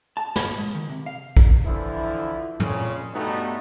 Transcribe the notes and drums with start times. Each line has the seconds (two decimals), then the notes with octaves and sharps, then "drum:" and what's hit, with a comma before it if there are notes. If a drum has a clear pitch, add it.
0.17 A5
0.36 B5, drum: snare
0.58 G#2
0.75 D#3
0.89 C3
1.06 F5
1.37 drum: kick A#1
1.65 D3 E3 F3 E4
2.60 F2 A#2 C#3 C#4, drum: tom
3.13 G2 B2 A3 B3 D#4